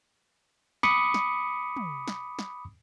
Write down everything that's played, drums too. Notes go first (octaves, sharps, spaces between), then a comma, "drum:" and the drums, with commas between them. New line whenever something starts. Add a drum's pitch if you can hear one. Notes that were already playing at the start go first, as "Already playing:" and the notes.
B5 D6 D#6 C#7, drum: snare
drum: snare
drum: tom
drum: snare
drum: snare